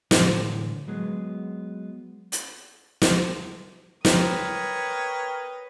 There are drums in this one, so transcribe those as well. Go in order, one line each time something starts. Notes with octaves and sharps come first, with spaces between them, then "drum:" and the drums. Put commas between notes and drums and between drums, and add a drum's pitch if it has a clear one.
A2 D3 E3, drum: snare
F#3 G#3 B3
drum: hi-hat
drum: snare
A#4 B4 C#5 G5 D#6, drum: snare